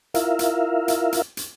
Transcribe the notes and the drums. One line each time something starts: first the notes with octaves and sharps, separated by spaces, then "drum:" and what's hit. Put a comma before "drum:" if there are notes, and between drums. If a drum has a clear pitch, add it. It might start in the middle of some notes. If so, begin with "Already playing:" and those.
E4 F4 A#4 E5 F5, drum: hi-hat
drum: hi-hat
drum: hi-hat
drum: hi-hat
drum: hi-hat